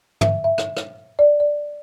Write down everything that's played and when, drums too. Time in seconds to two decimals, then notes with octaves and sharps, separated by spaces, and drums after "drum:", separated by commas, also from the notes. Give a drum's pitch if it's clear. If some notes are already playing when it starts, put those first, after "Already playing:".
0.21 E5, drum: tom
0.44 E5
0.58 drum: rim click
0.77 drum: rim click
1.19 D5
1.40 D5